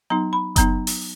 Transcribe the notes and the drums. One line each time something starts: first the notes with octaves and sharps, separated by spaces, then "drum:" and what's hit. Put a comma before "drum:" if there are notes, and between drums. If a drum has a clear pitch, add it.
F#3 B3 D#4 A#5
B5
F#3 B3 D#4 A#5, drum: kick F#1, hi-hat
drum: open hi-hat